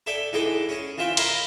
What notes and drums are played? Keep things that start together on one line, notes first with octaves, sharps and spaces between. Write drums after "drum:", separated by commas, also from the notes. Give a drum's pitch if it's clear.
A4 D5 E5 G5 G#5
G#2 E3 G#4 A4 G5 D6
C#4 G#4
E3 C4 F4 E5 G5
A#4 D#5 E5 G#5 B5 C6, drum: cymbal